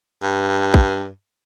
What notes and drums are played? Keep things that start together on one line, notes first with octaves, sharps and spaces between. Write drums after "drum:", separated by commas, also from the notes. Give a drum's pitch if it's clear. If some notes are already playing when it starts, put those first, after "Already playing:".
G2
drum: kick